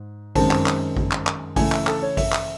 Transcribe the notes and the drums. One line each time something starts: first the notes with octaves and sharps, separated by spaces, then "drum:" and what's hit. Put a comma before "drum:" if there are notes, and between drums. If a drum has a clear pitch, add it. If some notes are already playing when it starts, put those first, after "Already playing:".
Already playing: G#2
F#2 D#3 G#3 C4 A5, drum: kick A1, open hi-hat
drum: clap
drum: clap
drum: kick A1
drum: clap
drum: clap
C#3 E3 A3 G#5, drum: kick A1, open hi-hat
E5, drum: clap
A4, drum: clap
C#5
E5, drum: kick A1, open hi-hat
drum: clap